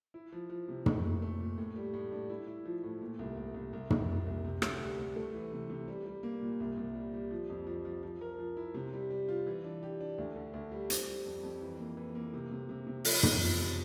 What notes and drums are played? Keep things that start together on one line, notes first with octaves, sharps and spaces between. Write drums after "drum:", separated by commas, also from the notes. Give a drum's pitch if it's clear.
E4
F3
F3
C3
A3, drum: tom
A#2
A3
A#2
A2
G3
A2
D4
E4
E4
F3
A2
A#2
C2
C2
C2
C2
A#2, drum: tom
A#2
C2
C3
D2, drum: rim click
G3
D2
A3
E3
C3
C3
G3
G3
A#3
A#2
C2
C2
G3
G3
F3
F2
F3
F3
F3
A#4
F3
E4
C3
G3
G3
F4
E3
D4
G4
D4
D2
D3
D2
G3
C4, drum: hi-hat
G3
F2
F2
E3
A#3
E3
A#3
C3
C3
C3
C3
F3, drum: open hi-hat
E2, drum: tom
F3
C3